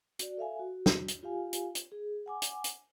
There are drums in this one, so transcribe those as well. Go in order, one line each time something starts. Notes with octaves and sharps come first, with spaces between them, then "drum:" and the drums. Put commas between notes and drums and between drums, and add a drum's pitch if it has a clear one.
F#4 D5, drum: hi-hat
A4 E5 F5 G#5
F#4
drum: snare
drum: hi-hat
F4 G4 F5 G#5
drum: hi-hat
drum: hi-hat
G#4
F#5 G#5 D6
drum: hi-hat
drum: hi-hat